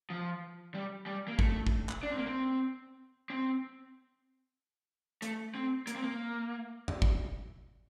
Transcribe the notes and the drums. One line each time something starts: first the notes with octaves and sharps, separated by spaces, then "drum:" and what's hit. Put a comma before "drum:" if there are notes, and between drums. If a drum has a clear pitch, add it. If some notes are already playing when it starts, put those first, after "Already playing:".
F3
G3
G3
A#3
A3, drum: kick
drum: kick
drum: clap
D4
C4
A#3
C4
C4
A3, drum: hi-hat
C4
A#3, drum: hi-hat
C4
A#3
drum: tom E2
drum: kick